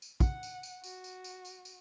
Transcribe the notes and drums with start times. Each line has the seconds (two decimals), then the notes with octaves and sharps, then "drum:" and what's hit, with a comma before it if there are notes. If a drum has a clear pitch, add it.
0.02 drum: tambourine
0.20 F#5, drum: kick, tambourine
0.43 drum: tambourine
0.63 drum: tambourine
0.84 F#4, drum: tambourine
1.04 drum: tambourine
1.24 drum: tambourine
1.45 drum: tambourine
1.65 drum: tambourine